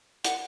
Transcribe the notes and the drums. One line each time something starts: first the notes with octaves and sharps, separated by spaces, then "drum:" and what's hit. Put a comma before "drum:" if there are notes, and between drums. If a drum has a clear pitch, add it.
F#5, drum: hi-hat